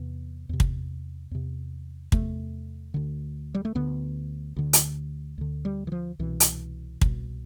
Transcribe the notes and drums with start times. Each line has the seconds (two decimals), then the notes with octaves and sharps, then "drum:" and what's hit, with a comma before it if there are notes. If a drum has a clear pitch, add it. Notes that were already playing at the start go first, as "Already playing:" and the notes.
Already playing: E2 C3 B3
0.49 E2 C3
0.60 drum: kick
1.31 E2 C3
2.12 E2 C3 A3, drum: kick
2.94 D2 D3
3.55 G3
3.65 A3
3.75 D2 D3 B3
4.56 D2 D3
4.73 drum: hi-hat
5.38 D2 D3
5.65 G3
5.87 E3
5.92 F3
6.19 C2 B2 E3
6.40 drum: hi-hat
7.01 C2 B2, drum: kick